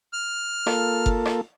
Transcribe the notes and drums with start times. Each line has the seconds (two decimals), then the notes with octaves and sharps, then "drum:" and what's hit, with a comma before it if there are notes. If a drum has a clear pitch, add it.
0.13 F6
0.66 A#3 F4 A4, drum: rim click
1.06 drum: kick F#1
1.25 drum: rim click